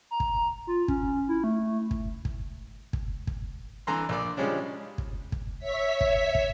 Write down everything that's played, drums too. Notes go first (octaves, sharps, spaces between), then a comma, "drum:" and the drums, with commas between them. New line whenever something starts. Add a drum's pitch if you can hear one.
A#5
drum: kick
F4
C#4, drum: kick
E4
A3
drum: kick
drum: kick
drum: kick
drum: kick
D3 E3 A#5 C6
A#1 D5
C#3 F3 G3 G#3 C#4 D4
drum: kick
drum: kick
C#5 E5 B6
drum: kick
drum: kick